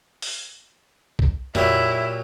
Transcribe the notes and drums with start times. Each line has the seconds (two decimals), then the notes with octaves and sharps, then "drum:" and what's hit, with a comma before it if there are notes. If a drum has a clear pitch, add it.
0.22 drum: open hi-hat
1.19 drum: kick
1.55 A#2 F#3 E4 G4, drum: tom F2